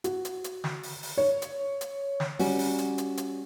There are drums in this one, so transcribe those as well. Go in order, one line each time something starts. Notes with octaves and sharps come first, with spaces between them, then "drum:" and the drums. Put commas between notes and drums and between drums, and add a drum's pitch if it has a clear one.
F#4, drum: hi-hat
drum: hi-hat
drum: hi-hat
drum: snare
drum: open hi-hat
drum: open hi-hat
C#5
drum: hi-hat
drum: hi-hat
drum: snare
G3 C#4 F#4, drum: open hi-hat
drum: open hi-hat
drum: hi-hat
drum: hi-hat
drum: hi-hat